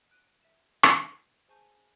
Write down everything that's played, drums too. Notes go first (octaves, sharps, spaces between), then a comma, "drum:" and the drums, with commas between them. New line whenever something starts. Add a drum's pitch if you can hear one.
F#6 D7 D#7
E5 E7
drum: rim click
G#4 C5 G#5 A5 C#6 G6